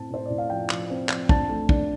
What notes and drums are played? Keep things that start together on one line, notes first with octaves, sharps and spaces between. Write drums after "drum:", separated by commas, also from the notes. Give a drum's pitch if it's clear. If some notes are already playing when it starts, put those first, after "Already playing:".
Already playing: A2 C4 A5
A2 C5
A2 D5
F5
F3 G5
F3, drum: clap
C4
F3, drum: clap
D4 A5, drum: kick
A3
D4, drum: kick